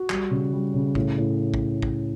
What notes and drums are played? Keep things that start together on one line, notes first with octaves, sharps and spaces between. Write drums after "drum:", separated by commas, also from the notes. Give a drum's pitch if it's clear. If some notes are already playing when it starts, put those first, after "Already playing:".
Already playing: F#4
G3, drum: clap
C#3
G3
C#3
A2, drum: kick
A2
drum: kick
drum: kick